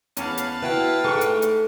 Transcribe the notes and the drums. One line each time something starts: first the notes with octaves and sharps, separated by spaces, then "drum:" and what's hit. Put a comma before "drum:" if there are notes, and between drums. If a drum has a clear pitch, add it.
E2 C#4 F5 A5 B5, drum: hi-hat
drum: hi-hat
E4 F#4 B4 G5
G#2 A3 C#6
drum: hi-hat
drum: hi-hat